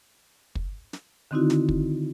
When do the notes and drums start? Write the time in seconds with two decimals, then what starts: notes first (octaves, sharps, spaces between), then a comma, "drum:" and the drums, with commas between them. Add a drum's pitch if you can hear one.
0.55 drum: kick
0.93 drum: snare
1.31 D3 D#3 C4 D#4 E4 F#4
1.50 drum: snare
1.69 drum: kick